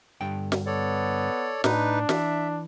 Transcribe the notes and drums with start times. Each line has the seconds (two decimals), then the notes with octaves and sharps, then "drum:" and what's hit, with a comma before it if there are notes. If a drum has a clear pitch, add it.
0.21 G2 D3 G5
0.52 drum: snare
0.66 B3 A4 C#5 D5
1.64 A2 D4 D#4 B4, drum: snare
2.09 E3 E5, drum: snare